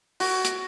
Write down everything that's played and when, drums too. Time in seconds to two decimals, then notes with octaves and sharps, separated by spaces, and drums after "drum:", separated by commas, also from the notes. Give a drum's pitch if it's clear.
0.20 F#4, drum: open hi-hat
0.45 drum: hi-hat